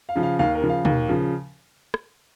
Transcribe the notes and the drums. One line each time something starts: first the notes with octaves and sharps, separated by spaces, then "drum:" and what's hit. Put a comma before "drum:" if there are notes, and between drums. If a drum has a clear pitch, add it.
F5
C#3 F3
F5
D#2 F5
A#4
C#3 F3
F5
D#2, drum: tom
C#3 F3
drum: rim click